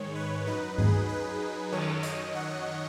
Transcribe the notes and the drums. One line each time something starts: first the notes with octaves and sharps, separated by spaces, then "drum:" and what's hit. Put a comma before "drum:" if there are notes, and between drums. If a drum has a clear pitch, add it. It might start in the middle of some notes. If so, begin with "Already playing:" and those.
Already playing: G#2 D#3 G#3 C#5
B4
F#2 F#3 D#4 B4
G#4, drum: tom G2
B4
F#2 D#3 F#3 C#5, drum: cymbal
D#5, drum: hi-hat
F#5